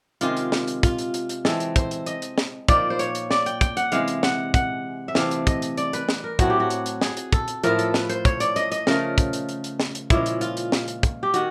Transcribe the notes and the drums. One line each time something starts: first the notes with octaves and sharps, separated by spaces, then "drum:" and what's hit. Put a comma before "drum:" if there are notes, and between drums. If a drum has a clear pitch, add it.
C3 D#3 G#3 F4, drum: hi-hat
drum: hi-hat
drum: snare
drum: hi-hat
F4, drum: kick, hi-hat
drum: hi-hat
drum: hi-hat
drum: hi-hat
E3 G#3 C4 A4, drum: snare
drum: hi-hat
C5, drum: kick, hi-hat
drum: hi-hat
D#5, drum: hi-hat
drum: hi-hat
drum: snare
A#2 F3 A#3 D#4 D5, drum: kick, hi-hat
C5
C#5, drum: hi-hat
drum: hi-hat
D5, drum: snare
G5, drum: hi-hat
G5, drum: kick, hi-hat
F#5, drum: hi-hat
C3 E3 G#3 F5, drum: hi-hat
drum: hi-hat
F#5, drum: snare
F#5, drum: kick, hi-hat
E5
C3 E3 A3 C4 F5, drum: snare
drum: hi-hat
D#5, drum: kick, hi-hat
drum: hi-hat
D5, drum: hi-hat
B4, drum: hi-hat
drum: snare
A#4
A2 F#3 A3 C4 F#4, drum: kick, hi-hat
G4
F#4
drum: hi-hat
drum: hi-hat
G#4, drum: snare
drum: hi-hat
A4, drum: kick, hi-hat
drum: hi-hat
A2 F3 A3 A#4, drum: hi-hat
A4, drum: hi-hat
B4, drum: snare
C5, drum: hi-hat
C#5, drum: kick, hi-hat
D5, drum: hi-hat
D#5, drum: hi-hat
D#5, drum: hi-hat
C#3 F3 A3 A#4, drum: snare
drum: kick, hi-hat
drum: hi-hat
drum: hi-hat
drum: hi-hat
drum: snare
drum: hi-hat
A#2 F3 G#3 C#4 E4, drum: kick, hi-hat
drum: hi-hat
F4, drum: hi-hat
drum: hi-hat
drum: snare
drum: hi-hat
drum: kick, hi-hat
G4
D#3 F#4, drum: hi-hat